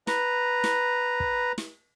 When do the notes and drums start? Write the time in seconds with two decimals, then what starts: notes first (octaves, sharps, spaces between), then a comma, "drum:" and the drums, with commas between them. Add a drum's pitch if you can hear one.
0.07 B4 A#5, drum: snare
0.64 drum: snare
1.20 drum: kick
1.58 drum: snare